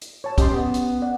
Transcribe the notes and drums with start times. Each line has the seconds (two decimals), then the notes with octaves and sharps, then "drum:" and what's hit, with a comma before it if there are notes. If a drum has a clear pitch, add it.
0.01 drum: hi-hat
0.24 C#5 A5
0.38 C#4 G4 D#5 C6, drum: kick, hi-hat
0.51 B3
0.74 drum: hi-hat
1.02 D5 F#5